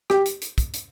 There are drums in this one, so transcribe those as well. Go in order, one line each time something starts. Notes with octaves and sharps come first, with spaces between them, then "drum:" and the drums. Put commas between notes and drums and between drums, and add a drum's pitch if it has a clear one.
G4, drum: rim click
drum: hi-hat
drum: hi-hat
drum: kick, hi-hat
drum: hi-hat